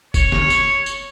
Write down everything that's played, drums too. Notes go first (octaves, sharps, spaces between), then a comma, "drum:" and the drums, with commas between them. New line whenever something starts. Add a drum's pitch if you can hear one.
C#5, drum: kick, tambourine
drum: snare
drum: tambourine
drum: tambourine